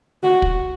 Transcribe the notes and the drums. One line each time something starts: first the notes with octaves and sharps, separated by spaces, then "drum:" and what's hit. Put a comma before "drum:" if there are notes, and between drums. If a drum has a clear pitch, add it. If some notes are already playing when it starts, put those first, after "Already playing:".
F#4
drum: kick